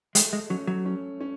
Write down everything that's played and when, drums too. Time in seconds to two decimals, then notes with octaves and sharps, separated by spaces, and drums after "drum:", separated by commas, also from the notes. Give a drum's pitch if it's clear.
0.15 G#3 A3, drum: hi-hat
0.33 G#3
0.50 F#3 C#4
0.67 F#3
0.85 C#4
1.21 C#4